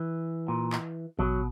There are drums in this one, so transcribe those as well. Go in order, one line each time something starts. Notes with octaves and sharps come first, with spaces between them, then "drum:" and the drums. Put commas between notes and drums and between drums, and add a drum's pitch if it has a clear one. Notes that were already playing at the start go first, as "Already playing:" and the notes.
Already playing: E3
A#2
drum: clap
B2 F#3, drum: kick A1